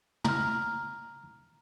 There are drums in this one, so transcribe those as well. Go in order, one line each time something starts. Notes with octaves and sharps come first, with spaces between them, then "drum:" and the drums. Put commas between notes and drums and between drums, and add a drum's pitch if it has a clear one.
A#5 F6, drum: tom